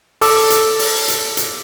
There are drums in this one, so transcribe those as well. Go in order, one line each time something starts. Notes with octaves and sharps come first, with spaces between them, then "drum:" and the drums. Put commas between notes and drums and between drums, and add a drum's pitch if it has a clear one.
A4 D6 E6, drum: open hi-hat
drum: hi-hat
drum: open hi-hat
drum: hi-hat
drum: hi-hat